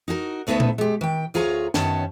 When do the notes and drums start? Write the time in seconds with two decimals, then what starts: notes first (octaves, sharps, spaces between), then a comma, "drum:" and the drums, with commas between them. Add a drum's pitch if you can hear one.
0.08 D#4 F#4 G#4 A#4
0.47 D2 A3 B3 D#4 E5 A5
0.60 drum: tom A#2
0.78 G#3 G4
1.01 D#3 G5
1.34 D2 F4 G#4 C#5 A#5
1.74 F#2 D#3 B3 C#4 C#5 A5, drum: snare